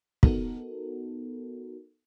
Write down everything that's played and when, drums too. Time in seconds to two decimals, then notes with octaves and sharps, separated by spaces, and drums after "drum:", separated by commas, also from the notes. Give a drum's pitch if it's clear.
0.23 B3 D#4 F#4 A4 A#4, drum: kick